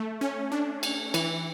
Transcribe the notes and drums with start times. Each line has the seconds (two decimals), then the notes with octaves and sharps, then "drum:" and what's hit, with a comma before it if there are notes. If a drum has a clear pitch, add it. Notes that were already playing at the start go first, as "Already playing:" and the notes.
Already playing: A3
0.21 C#4
0.52 D4
0.83 drum: cymbal
1.14 E3, drum: cymbal